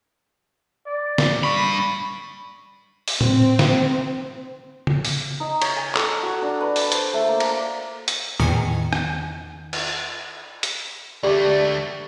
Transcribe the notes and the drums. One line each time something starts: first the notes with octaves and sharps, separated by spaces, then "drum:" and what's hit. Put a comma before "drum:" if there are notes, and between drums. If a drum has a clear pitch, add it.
D5
drum: snare
G2 B5 C#6
drum: open hi-hat
C4, drum: tom A2
drum: snare
drum: tom C#3
drum: open hi-hat
D#4
C#5, drum: cymbal
G#5
A4, drum: clap
F#4
D4
B4
A5, drum: open hi-hat
C5, drum: hi-hat
A3
A#3
D6, drum: cymbal
drum: hi-hat
E2 D#3 G#5 C#7, drum: tom A2
drum: rim click
drum: cymbal
drum: hi-hat
D2 A3 G4 D5